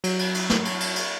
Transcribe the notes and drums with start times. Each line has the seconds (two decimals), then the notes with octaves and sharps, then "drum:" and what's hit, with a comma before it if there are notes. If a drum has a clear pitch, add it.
0.04 F#3, drum: cymbal
0.19 drum: cymbal
0.34 drum: cymbal
0.50 drum: snare
0.65 drum: cymbal
0.80 drum: cymbal
0.96 drum: cymbal